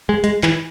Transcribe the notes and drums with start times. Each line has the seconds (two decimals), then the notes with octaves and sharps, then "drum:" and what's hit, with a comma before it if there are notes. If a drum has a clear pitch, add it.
0.09 G#3
0.24 G#3, drum: hi-hat
0.43 E3, drum: clap